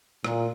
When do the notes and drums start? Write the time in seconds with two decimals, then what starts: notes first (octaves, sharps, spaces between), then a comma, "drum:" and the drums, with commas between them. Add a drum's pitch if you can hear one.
0.24 A#2, drum: rim click